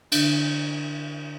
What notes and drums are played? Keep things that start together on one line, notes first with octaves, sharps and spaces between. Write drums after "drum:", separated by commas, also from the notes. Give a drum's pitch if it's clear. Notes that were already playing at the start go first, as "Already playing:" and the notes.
D3 D4, drum: cymbal